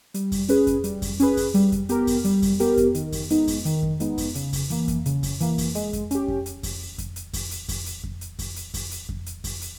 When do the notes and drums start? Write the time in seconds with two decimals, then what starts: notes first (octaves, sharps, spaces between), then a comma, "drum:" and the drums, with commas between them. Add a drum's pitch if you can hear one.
0.14 G3, drum: hi-hat
0.32 drum: kick F2, open hi-hat
0.49 C#4 G#4 B4, drum: hi-hat
0.67 drum: kick F2, hi-hat
0.84 G3, drum: hi-hat
1.02 drum: kick F2, open hi-hat
1.20 C#4 G#4 B4, drum: hi-hat
1.37 drum: kick F2, open hi-hat
1.54 G3, drum: hi-hat
1.72 drum: kick F2, hi-hat
1.89 B3 G4 A#4, drum: hi-hat
2.07 drum: kick F2, open hi-hat
2.24 G3, drum: hi-hat
2.42 drum: kick F2, open hi-hat
2.60 B3 G4 A#4, drum: hi-hat
2.77 drum: kick F2, hi-hat
2.95 D#3, drum: hi-hat
3.12 drum: kick F2, open hi-hat
3.30 G#3 B3 D#4, drum: hi-hat
3.47 drum: kick F2, open hi-hat
3.65 D#3, drum: hi-hat
3.83 drum: kick F2
4.00 G#3 B3 D#4, drum: hi-hat
4.18 drum: kick F2, open hi-hat
4.35 C#3, drum: hi-hat
4.53 drum: kick F2, open hi-hat
4.70 E3 A#3, drum: hi-hat
4.88 drum: kick F2, hi-hat
5.06 C#3, drum: hi-hat
5.23 drum: kick F2, open hi-hat
5.40 E3 A#3, drum: hi-hat
5.58 drum: kick F2, open hi-hat
5.75 G#3, drum: hi-hat
5.93 drum: kick F2, hi-hat
6.11 C#4 G4, drum: hi-hat
6.28 drum: kick F2
6.46 drum: hi-hat
6.63 drum: kick F2, open hi-hat
6.98 drum: kick F2, hi-hat
7.16 drum: hi-hat
7.33 drum: kick F2, open hi-hat
7.51 drum: hi-hat
7.68 drum: kick F2, open hi-hat
7.86 drum: hi-hat
8.04 drum: kick F2
8.21 drum: hi-hat
8.39 drum: kick F2, open hi-hat
8.56 drum: hi-hat
8.74 drum: kick F2, open hi-hat
8.91 drum: hi-hat
9.09 drum: kick F2
9.26 drum: hi-hat
9.44 drum: kick F2, open hi-hat
9.61 drum: hi-hat